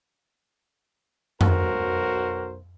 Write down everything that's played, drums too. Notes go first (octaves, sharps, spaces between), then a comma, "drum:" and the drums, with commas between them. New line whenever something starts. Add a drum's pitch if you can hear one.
B1 F#4 A#4 C5, drum: tom F2